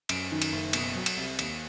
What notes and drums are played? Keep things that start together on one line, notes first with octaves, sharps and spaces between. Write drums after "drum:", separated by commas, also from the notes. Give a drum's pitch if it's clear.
F#2 D7, drum: cymbal
D#3
drum: cymbal
F#1
B2, drum: cymbal
F#3
drum: cymbal
C2
D#2, drum: cymbal